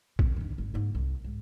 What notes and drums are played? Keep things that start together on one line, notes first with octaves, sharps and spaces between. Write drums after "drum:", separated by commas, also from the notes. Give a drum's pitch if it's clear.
D#3 C4, drum: kick
G1 D#2
G#1
G#2 A#3
C2
G#2